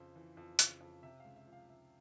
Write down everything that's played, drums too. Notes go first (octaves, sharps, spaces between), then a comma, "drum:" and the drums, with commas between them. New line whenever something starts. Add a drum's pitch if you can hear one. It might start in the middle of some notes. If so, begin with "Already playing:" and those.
Already playing: F2 C#3 C5
E3
F2
C#3, drum: hi-hat
F2
C3 E5
F5
C#2
E5
F3
F5
C#2 E5